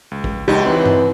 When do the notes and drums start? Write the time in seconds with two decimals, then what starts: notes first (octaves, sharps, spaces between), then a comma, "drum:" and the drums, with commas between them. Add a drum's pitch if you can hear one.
0.11 C#2
0.24 drum: kick
0.48 C#2 F#2 D#4 G4
0.65 E3 C4 B4
0.86 drum: tom G2